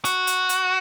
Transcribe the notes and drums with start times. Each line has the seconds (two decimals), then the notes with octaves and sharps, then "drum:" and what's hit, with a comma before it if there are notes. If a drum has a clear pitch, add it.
0.05 F#4, drum: hi-hat
0.27 drum: hi-hat
0.49 drum: hi-hat